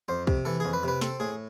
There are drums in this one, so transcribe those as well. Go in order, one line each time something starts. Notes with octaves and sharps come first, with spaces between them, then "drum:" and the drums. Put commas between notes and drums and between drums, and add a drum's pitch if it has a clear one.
F2 C5
C3, drum: kick
E3 A4
F2 G#4
B4
C3 B4
C4 A4, drum: snare
A2 G#4